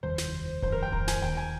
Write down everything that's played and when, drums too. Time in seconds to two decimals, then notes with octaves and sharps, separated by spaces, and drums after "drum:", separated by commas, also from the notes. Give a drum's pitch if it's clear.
0.03 F1 D#2 D#3 G3 C5
0.18 drum: snare
0.62 G1 F2 D#3 G3 C5, drum: kick D1
0.72 A#4
0.83 G5
0.92 A#5, drum: kick D1
1.08 G#5, drum: snare
1.22 D#2 D#3 A#3 G5
1.37 G#5